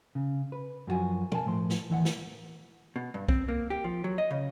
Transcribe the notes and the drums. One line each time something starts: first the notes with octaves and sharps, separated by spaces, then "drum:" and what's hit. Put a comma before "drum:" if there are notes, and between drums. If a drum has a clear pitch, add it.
C#3
B4
F#2 F3 F4 F#4 F5 G#5
A#4 F5 G#5 A5, drum: tom A#2
A2 F3 C6
drum: snare
D#2 E3 E5 F#5
drum: snare
B2
G2
C4, drum: kick B1
A#3
G4
F3
F#3
D#5
C#3